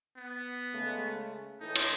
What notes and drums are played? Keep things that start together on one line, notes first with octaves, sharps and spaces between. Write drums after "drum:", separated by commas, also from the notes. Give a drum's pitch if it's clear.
B3
C#3 G#3 A3
A2 E3 D#4 A4
drum: cymbal